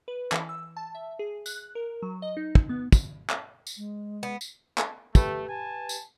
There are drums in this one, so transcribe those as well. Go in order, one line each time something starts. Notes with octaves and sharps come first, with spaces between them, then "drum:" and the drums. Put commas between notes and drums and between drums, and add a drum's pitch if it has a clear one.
B4
E3, drum: clap
E6
A5
E5
G#4
F#6, drum: tambourine
A#4
F#3
D#5
D#4
drum: kick
B3
drum: kick, tambourine
drum: clap
drum: tambourine
G#3
B3
drum: tambourine
drum: clap
A3 G4 B4, drum: kick, tambourine
G#5 A5
drum: tambourine